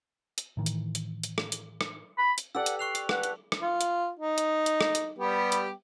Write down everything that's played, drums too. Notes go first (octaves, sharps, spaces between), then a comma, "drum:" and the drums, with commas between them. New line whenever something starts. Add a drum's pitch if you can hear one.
drum: hi-hat
A2 D#3 E3
drum: hi-hat
drum: hi-hat
drum: hi-hat
drum: rim click
drum: hi-hat
drum: rim click
B5
drum: hi-hat
G4 A4 D5 F#5 E6
drum: hi-hat
C#6 F#6 C7 F7
drum: hi-hat
B4 F#5, drum: rim click
drum: hi-hat
drum: rim click
F4
drum: hi-hat
D#4
drum: hi-hat
drum: hi-hat
drum: rim click
drum: hi-hat
G3 B3 G4
drum: hi-hat